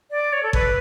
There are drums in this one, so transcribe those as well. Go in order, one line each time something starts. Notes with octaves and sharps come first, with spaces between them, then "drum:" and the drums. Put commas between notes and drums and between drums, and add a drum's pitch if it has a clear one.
D5
C#5
A4
B4, drum: kick G#1